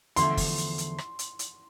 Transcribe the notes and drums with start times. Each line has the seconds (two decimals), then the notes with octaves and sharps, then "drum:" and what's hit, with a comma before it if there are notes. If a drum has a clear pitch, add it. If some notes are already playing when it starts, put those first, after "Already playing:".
0.16 E2 D3 F3 A3 C6, drum: hi-hat
0.37 drum: kick, open hi-hat
0.58 drum: hi-hat
0.78 drum: hi-hat
0.98 drum: rim click
1.19 drum: hi-hat
1.39 drum: hi-hat